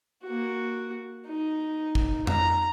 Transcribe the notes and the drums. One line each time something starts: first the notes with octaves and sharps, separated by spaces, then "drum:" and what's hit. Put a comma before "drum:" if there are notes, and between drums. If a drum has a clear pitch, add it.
A#3 F#4
D#4
drum: kick
A#5, drum: tom F2